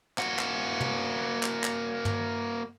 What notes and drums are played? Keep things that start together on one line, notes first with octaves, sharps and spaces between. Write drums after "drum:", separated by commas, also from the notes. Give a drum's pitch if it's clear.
A#3 F#4, drum: clap
drum: clap
drum: tom
drum: clap
drum: clap
drum: tom